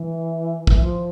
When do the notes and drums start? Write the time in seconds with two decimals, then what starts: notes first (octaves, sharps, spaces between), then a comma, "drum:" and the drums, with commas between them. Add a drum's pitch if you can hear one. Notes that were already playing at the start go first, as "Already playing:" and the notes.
Already playing: E3
0.67 E3, drum: kick
0.80 F3